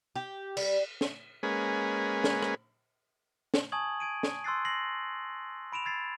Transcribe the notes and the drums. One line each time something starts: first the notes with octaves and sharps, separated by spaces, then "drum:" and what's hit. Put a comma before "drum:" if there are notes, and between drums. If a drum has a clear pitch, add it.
G4
G3, drum: cymbal
drum: snare
G#3 A#3 C#4 G#4 B4
drum: snare
drum: rim click
drum: snare
G#5 A5 C#6 D#6 G#6 F#7
G#6 D7 D#7
drum: snare
C6 E6 F#6 A6 C7
A#6 C7 F#7
B5 D7 E7 F7
E6 G#6 A6 C7